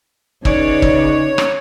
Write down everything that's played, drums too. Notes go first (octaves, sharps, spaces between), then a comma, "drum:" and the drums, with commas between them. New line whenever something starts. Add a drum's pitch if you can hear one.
C#3 C#4 D#4 B4 C#5 D5, drum: kick
drum: kick
drum: rim click